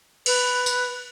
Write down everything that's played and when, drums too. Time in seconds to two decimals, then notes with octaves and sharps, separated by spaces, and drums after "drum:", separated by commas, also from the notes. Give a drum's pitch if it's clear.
0.26 B4, drum: cymbal
0.66 drum: tambourine